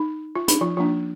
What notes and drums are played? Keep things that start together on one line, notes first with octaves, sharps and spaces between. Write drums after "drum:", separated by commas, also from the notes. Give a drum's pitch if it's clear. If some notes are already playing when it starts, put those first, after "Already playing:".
Already playing: D#4
F4
D#4, drum: hi-hat
F3 F4
F3 A#3 D4 F4